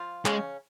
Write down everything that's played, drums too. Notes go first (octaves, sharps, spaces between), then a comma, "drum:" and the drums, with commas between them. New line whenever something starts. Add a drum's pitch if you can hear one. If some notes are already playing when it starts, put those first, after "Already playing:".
Already playing: F3 F4
C#3 G#3 C#4, drum: clap